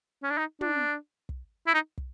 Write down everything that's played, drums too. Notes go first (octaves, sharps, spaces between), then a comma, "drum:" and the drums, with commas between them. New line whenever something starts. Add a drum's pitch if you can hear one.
C#4
D4
D#4
D4, drum: tom
drum: kick
E4
D#4
drum: kick